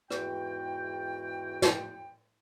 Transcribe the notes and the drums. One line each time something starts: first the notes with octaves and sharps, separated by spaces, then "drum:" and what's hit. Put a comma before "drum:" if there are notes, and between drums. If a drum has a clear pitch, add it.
E2 G#2 E3 F#4 G5, drum: rim click
drum: snare